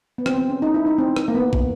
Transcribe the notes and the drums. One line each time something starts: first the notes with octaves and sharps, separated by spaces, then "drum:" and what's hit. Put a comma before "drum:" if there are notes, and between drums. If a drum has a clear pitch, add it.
B3
C4, drum: rim click
C4
C#4
D#4
E4
D#4
C4
drum: rim click
A#3
B3
drum: kick